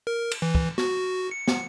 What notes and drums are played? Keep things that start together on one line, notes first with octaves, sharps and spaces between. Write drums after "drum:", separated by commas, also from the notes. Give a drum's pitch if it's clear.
A#4
drum: cymbal
E3
drum: kick
F#4, drum: snare
C#7
drum: snare